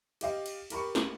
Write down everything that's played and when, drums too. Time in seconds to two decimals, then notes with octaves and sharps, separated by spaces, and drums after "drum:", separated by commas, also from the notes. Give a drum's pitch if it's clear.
0.21 G4 D#5 F5, drum: cymbal
0.46 drum: cymbal
0.70 G4 A#4 B5 C#6, drum: cymbal
0.95 drum: snare